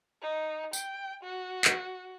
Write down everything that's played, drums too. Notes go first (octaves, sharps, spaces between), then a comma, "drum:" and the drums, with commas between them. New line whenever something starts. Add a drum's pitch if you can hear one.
D#4
G5, drum: tambourine
F#4
drum: clap